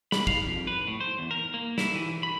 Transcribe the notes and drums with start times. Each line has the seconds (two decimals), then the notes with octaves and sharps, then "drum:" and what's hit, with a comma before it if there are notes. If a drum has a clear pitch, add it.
0.12 B5, drum: snare
0.27 F5, drum: kick
0.46 F2
0.67 B4
0.88 A2
1.00 C5
1.19 E2
1.31 A#4
1.54 A#3
1.78 E4, drum: snare
1.95 E3
2.23 B5